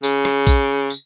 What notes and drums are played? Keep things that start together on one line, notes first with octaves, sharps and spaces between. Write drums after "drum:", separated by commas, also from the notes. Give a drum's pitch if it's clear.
C#3, drum: tambourine
drum: rim click
drum: kick, tambourine
drum: tambourine